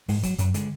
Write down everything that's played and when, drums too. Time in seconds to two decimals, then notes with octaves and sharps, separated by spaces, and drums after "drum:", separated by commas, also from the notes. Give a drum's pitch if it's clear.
0.08 G#2 G#3, drum: open hi-hat
0.23 F#3, drum: kick, hi-hat
0.38 F#2 F#3, drum: hi-hat
0.54 D3 G#3, drum: hi-hat